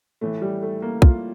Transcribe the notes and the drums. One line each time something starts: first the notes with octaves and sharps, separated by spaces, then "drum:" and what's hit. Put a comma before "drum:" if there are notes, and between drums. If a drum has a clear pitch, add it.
A2 E3 A3
G3
A3
A#3
F4, drum: kick